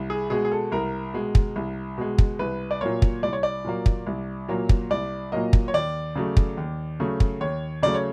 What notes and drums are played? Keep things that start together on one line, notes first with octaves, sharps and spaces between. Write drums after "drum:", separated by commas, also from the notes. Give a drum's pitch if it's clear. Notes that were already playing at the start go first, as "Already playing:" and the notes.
Already playing: C2
G#4
B2 G#3 G#4
G#4
A4
C2 A#4
B2 G#3
drum: kick
C2
B2 G#3
drum: kick
C2 B4
D5
A#2 F#3 A#3 C#5
drum: kick
C2 D5
C#5
D5
A#2 F#3 A#3
drum: kick
C2
A#2 F#3 A#3
drum: kick
C2 D5
A#2 F#3 A#3 D#5
drum: kick
C#5
D#2 D5
C#3 F#3 A3
drum: kick
D#2
C#3 F#3 A3
drum: kick
D#2 C#5
C#3 F#3 A3 D5
C#5